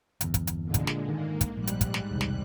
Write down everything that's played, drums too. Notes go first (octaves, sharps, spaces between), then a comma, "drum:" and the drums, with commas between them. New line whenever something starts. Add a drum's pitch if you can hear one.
G1 E2, drum: hi-hat
drum: kick, hi-hat
drum: hi-hat
A#2 D3 G#3
drum: kick, hi-hat
drum: snare
G#2 D#3 A#3
drum: kick, hi-hat
A#1 G#2 G3 F#6
drum: hi-hat
drum: kick, hi-hat
drum: snare
E1 C2
drum: snare